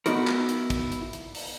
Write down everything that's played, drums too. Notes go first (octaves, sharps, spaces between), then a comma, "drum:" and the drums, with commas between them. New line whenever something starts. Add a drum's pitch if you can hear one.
B3 D#4 E4 F#4 A#4, drum: hi-hat
drum: clap
drum: hi-hat
drum: kick, hi-hat
drum: hi-hat
drum: hi-hat
drum: open hi-hat